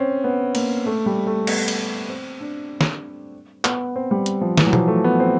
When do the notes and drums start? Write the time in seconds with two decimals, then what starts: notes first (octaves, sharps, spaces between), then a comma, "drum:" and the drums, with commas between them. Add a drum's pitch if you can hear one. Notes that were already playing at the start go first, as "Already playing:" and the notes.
Already playing: C4 C#4
0.24 B3
0.55 A#3, drum: cymbal
0.86 A3
1.06 G3
1.27 A3
1.47 B3, drum: cymbal
1.68 drum: cymbal
2.09 C4
2.40 D4
2.81 drum: snare
3.65 B3, drum: clap
3.96 C4
4.11 G3
4.26 drum: hi-hat
4.41 F3
4.57 E3, drum: snare
4.67 F#3
4.73 F3, drum: tom B2
4.88 A3
5.04 B3
5.20 C4